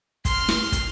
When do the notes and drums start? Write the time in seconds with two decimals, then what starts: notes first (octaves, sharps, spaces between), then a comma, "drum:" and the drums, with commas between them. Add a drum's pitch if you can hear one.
0.25 C6 F6, drum: kick, hi-hat
0.48 drum: snare
0.72 drum: kick, hi-hat